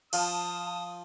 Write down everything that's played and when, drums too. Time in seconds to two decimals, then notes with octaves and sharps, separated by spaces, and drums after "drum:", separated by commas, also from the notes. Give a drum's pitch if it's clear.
0.13 F3 F5 A5 D#6, drum: cymbal